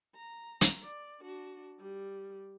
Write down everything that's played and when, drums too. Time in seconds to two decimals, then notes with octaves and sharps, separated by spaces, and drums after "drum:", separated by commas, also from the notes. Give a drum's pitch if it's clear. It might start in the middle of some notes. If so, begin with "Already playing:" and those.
0.15 A#5
0.61 drum: hi-hat
0.83 D5
1.21 D4 F#4
1.80 G3